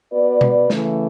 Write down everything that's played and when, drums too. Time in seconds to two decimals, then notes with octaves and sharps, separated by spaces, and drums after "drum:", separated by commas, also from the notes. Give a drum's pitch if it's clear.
0.12 B3 F#4 B4 D5
0.41 drum: tom B2
0.70 C#3 E3 A3, drum: snare